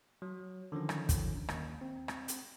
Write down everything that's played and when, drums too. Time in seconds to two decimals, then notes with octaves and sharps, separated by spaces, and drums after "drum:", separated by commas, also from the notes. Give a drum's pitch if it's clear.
0.22 F#3
0.72 D3 D#3 F3 C#4
0.89 drum: rim click
1.09 drum: kick, hi-hat
1.49 D#2, drum: rim click
1.81 C4
2.08 drum: rim click
2.28 drum: hi-hat